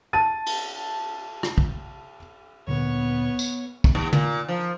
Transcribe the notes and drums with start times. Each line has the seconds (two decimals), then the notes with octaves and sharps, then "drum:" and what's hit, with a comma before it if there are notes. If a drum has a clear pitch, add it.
0.13 A5 A6 D#7
0.46 drum: cymbal
1.43 drum: rim click
1.58 drum: kick
2.68 D2 A#2 D3 B3 C#5
3.39 drum: tambourine
3.84 drum: kick
3.95 D#2
4.13 A#2, drum: tom
4.48 F3